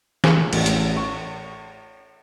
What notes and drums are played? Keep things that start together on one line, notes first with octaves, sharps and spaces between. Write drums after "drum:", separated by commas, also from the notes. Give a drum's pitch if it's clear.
G#4, drum: snare
A1, drum: cymbal
drum: hi-hat
C#6